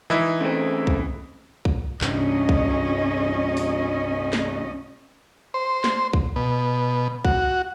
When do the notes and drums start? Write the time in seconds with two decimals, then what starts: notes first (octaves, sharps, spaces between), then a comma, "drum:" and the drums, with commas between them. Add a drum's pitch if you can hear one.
0.10 E3 D#4 E4
0.41 C#3 A3 C4
0.87 drum: kick B1
1.65 drum: kick B1
2.01 C2 G2 C#4 D#5, drum: clap
2.49 drum: kick B1
3.57 drum: open hi-hat
4.33 drum: snare
5.54 C5
5.84 drum: snare
6.13 drum: kick B1
6.36 B2
7.25 F#4, drum: kick B1